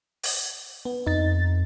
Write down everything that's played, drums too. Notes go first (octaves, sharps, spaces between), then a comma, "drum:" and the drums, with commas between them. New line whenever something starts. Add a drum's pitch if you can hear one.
drum: open hi-hat
B3
F2 D#4 A6